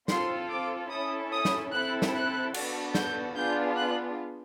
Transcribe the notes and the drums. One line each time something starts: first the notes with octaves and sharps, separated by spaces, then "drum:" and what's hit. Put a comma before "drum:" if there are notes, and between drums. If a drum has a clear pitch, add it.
C4 F4 A4 C6, drum: snare
D6
C#4 E4 A4 D#6
D#6
drum: snare
C4 E4 A4 F#6
drum: snare
F#6
B3 D4 F#4 A4, drum: cymbal
G6, drum: snare
B3 D4 F4 G#4 G6
F#6